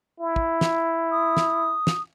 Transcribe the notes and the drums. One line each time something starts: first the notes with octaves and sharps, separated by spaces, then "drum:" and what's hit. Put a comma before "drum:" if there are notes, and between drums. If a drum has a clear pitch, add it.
E4
drum: kick
drum: snare
D#6
drum: snare
drum: snare